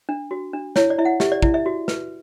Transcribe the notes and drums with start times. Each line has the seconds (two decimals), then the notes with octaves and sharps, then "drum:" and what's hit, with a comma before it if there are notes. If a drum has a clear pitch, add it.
0.09 D4
0.31 F#4
0.53 D4
0.76 E4 C#5, drum: snare
0.90 D5
0.98 E4 E5
1.05 F#5
1.20 G4 E5, drum: snare
1.32 D5
1.42 E4 D5, drum: kick
1.54 E5
1.66 F#4
1.88 B4, drum: snare